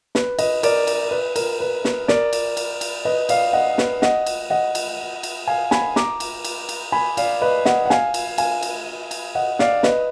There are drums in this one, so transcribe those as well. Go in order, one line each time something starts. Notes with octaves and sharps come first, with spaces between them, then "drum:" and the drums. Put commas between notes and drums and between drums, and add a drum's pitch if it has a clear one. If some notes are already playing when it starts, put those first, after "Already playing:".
B4, drum: snare
B4 D#5, drum: cymbal
A#4 D5, drum: cymbal
drum: cymbal
B4
A#4, drum: cymbal
B4
B4, drum: snare
A#4 D5, drum: snare
drum: cymbal
drum: cymbal
drum: cymbal
B4 D#5
D5 F5, drum: cymbal
D#5 F#5
B4, drum: snare
D#5 F#5, drum: snare
drum: cymbal
D#5 F#5
drum: cymbal
drum: cymbal
F5 G#5
G#5 B5, drum: snare
A#5 D6, drum: snare
drum: cymbal
drum: cymbal
drum: cymbal
G#5 B5
D5 F5, drum: cymbal
B4 D#5
D#5 F#5, drum: snare
F#5
F5 G#5, drum: snare
drum: cymbal
F5 G#5, drum: cymbal
drum: cymbal
drum: cymbal
D#5 F#5
D5 F5, drum: snare
B4 D#5, drum: snare